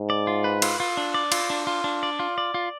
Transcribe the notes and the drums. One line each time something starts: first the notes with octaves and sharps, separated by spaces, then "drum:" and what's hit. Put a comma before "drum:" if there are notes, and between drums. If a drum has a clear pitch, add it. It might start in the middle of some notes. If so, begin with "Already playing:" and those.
Already playing: G#2
D5
F4
B4
F4, drum: cymbal
F4
D4
D5
F4, drum: cymbal
D4
F4
D4
D5
F4
D5
F4